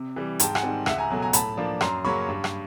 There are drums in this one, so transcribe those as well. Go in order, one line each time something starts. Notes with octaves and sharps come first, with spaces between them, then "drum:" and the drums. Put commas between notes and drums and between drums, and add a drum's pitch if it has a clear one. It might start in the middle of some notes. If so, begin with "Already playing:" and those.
Already playing: C3
E3 G3
G#2 G5 A5, drum: hi-hat
F#5 G#5, drum: rim click
D#3 G3 C4
C#2 E5 F#5, drum: rim click
G#5 A#5
B2 F#3 A3
G#5 A#5
A2 A5 B5, drum: hi-hat
F3 A#3 D4
F#2 A#5 C6, drum: rim click
C#3 F#3 A#3 C#4 B5 C#6
G2
drum: rim click